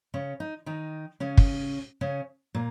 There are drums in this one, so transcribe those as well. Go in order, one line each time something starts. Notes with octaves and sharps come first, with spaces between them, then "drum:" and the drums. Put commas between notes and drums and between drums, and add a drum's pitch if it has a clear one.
C#3 C#4
D#4
D#3 D#4
C#3 C#4
drum: kick
C#3 C#4
A#2 A#3